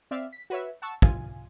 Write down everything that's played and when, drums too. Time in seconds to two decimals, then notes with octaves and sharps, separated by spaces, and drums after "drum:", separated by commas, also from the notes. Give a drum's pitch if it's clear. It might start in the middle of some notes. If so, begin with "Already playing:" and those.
0.11 C4 D5 E5 F5
0.33 B6
0.50 F#4 B4 C#5 E5
0.82 F#5 A5 C#6 E6
1.02 C2 F4 G#5, drum: kick